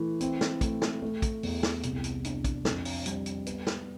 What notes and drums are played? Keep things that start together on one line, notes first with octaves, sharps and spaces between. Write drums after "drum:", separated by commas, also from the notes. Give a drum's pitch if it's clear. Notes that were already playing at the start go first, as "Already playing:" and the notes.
Already playing: E3 A3
C4, drum: hi-hat
drum: snare
A3, drum: kick, hi-hat
drum: snare
A3
drum: kick, hi-hat
E2, drum: open hi-hat
drum: snare
C2, drum: hi-hat
drum: hi-hat
D4, drum: hi-hat
drum: kick, hi-hat
F2, drum: snare
drum: open hi-hat
G3, drum: hi-hat
drum: hi-hat
B3, drum: hi-hat
drum: snare